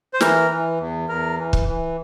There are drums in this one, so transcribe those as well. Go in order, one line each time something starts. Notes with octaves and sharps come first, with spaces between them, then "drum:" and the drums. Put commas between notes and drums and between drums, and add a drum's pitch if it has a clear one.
C5
E3 A#4, drum: snare
E3
E2
E2 A#4
E3
drum: kick
E3